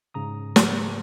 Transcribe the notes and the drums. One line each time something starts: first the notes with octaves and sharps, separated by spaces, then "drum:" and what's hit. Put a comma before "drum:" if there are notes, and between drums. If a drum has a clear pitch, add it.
G#2 C#3 A#5 D#6
drum: snare